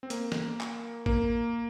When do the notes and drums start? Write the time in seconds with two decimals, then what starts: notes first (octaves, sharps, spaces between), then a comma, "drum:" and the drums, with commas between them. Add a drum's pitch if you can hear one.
0.03 C4
0.10 A#3, drum: hi-hat
0.32 drum: snare
0.60 drum: clap
1.06 A#3, drum: kick G#1